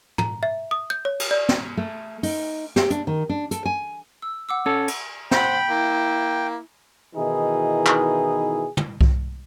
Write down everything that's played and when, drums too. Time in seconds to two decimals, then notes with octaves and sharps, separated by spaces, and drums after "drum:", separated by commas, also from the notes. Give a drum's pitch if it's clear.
0.18 A#5, drum: tom
0.43 E5
0.71 D#6
0.90 G6
1.05 C#5
1.20 drum: cymbal
1.31 D5
1.49 drum: snare
1.77 A3
2.23 D#4, drum: open hi-hat
2.76 G4, drum: snare
2.90 D4, drum: hi-hat
3.07 D#3
3.29 D4
3.51 A4, drum: hi-hat
3.65 G#5
4.22 E6
4.49 F#5 D6 E6
4.66 C#4 A4 E6
4.88 drum: cymbal
5.31 C5 F#5 G5 B5, drum: snare
5.69 A#3 E4
7.15 B2 D#3 E3 D#4 E4 G#4
7.86 drum: clap
8.77 drum: tom
9.01 drum: kick C2